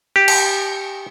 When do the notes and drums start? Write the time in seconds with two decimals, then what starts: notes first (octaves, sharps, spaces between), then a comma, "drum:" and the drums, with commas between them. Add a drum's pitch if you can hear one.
0.16 G4
0.28 drum: cymbal